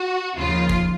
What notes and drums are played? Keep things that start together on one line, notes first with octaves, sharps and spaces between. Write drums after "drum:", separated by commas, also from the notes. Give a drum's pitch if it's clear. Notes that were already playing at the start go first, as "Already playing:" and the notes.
Already playing: F#4
D#2 C#3 F3 F4
drum: kick